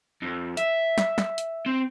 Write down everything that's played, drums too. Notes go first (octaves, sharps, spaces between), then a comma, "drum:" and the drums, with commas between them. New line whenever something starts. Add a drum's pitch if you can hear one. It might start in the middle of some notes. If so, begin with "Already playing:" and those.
F2
E5, drum: hi-hat
drum: snare
drum: snare
drum: hi-hat
C4